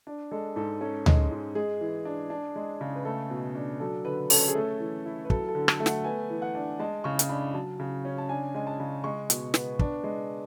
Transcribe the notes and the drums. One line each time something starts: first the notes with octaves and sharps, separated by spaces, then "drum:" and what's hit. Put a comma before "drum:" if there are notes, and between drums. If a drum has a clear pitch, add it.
D4
G#3 A4
G#2 A4
C#4 A4
G#3, drum: tom D2
G#2
G#3 G#4
E3
D4
D4
G#3
C#3
B4
A3 A4
B2
D4
F#3 A4
D3 B4
C#4 A4, drum: open hi-hat
G#4
A3 A4
E3
E4
B4
F#3 A4, drum: kick
A4
D3
A4, drum: rim click
A3
F#5, drum: snare
B3 G#5
E3
F#5
D4
G#3 A5
C#3 C#6
drum: hi-hat
D4 B5
F#3 A5
C#3
C#4
A5
D4 G#5
G#3 G#5
A5
C#3
G#3 C#6
B2, drum: hi-hat
B3, drum: snare
D4, drum: kick
G#3